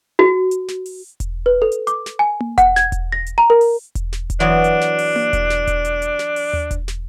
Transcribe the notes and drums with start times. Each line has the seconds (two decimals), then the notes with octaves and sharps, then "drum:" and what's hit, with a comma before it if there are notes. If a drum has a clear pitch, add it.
0.19 F#4
0.51 drum: hi-hat
0.68 drum: snare
0.86 drum: open hi-hat
1.20 drum: kick E1, hi-hat
1.46 B4
1.62 A4
1.72 drum: hi-hat
1.87 D6, drum: hi-hat
2.06 drum: snare
2.19 G#5
2.40 drum: tom A#3
2.58 F#5, drum: kick E1, hi-hat
2.76 G#6, drum: snare
2.92 drum: kick E1, hi-hat
3.12 A#6
3.26 drum: hi-hat
3.38 A#5
3.50 A#4
3.61 drum: open hi-hat
3.95 drum: kick E1, hi-hat
4.13 drum: snare
4.30 drum: kick E1, hi-hat
4.40 E3 F#3 B3 D4
4.64 drum: hi-hat
4.81 drum: snare
4.99 drum: open hi-hat
5.16 drum: tom A#3
5.33 drum: kick E1, hi-hat
5.50 drum: snare
5.67 drum: kick E1, hi-hat
5.85 drum: hi-hat
6.02 drum: hi-hat
6.19 drum: snare
6.36 drum: open hi-hat
6.53 drum: tom D#2
6.71 drum: kick E1, hi-hat
6.88 drum: snare